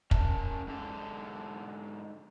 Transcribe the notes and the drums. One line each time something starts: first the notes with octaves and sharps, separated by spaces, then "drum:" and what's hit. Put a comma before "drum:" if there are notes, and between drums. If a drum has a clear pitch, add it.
C#4 A#4 A5, drum: kick
G#2 D3 A4